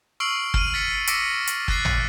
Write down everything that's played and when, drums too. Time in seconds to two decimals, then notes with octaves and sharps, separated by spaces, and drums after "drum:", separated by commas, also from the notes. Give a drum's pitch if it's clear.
0.20 C#6 E6 F6 C7 D7 F#7
0.54 F6 D#7, drum: kick
0.74 A6 B6 C#7 F#7
1.07 D6 E6 A#6 B6 C#7 D7, drum: hi-hat
1.47 drum: hi-hat
1.68 F6 F#6 A6 C7, drum: kick
1.85 drum: tom